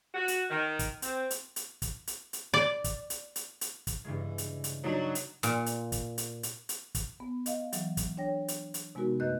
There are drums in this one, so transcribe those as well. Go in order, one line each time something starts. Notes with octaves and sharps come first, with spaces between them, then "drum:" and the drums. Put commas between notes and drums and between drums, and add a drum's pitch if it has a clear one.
F#4
drum: hi-hat
D#3
drum: kick, hi-hat
C4, drum: hi-hat
drum: hi-hat
drum: hi-hat
drum: kick, hi-hat
drum: hi-hat
drum: hi-hat
D5
drum: kick, hi-hat
drum: hi-hat
drum: hi-hat
drum: hi-hat
drum: kick, hi-hat
G2 C#3 E3 G#3
drum: hi-hat
drum: hi-hat
F#3 D4 D#4
drum: hi-hat
A#2, drum: hi-hat
drum: hi-hat
drum: kick, hi-hat
drum: hi-hat
drum: hi-hat
drum: hi-hat
drum: kick, hi-hat
B3
D#5 F5, drum: hi-hat
E3 F#3, drum: hi-hat
drum: kick, hi-hat
D4 C#5 G5 A#6
drum: hi-hat
drum: hi-hat
C3 G#3 B3 D#4 F#4 A#4
F#2 A3 B4 D#5 F#6 G6